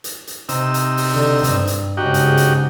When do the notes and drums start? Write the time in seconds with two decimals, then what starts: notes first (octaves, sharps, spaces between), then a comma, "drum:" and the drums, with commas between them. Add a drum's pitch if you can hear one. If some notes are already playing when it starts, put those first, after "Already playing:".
0.04 drum: hi-hat
0.27 drum: hi-hat
0.49 C3 D#4 E6, drum: hi-hat
0.74 drum: hi-hat
0.97 drum: open hi-hat
1.14 D3
1.44 G2, drum: hi-hat
1.67 drum: hi-hat
1.97 G#2 C#3 D#4 F#4 G4
2.14 drum: hi-hat
2.37 drum: hi-hat